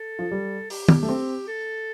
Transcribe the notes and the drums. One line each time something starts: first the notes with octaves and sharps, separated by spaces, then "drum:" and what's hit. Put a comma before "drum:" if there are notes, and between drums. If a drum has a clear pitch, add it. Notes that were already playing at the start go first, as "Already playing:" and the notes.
Already playing: A4
F3
G3
G4, drum: open hi-hat
drum: tom
A3
C4
A4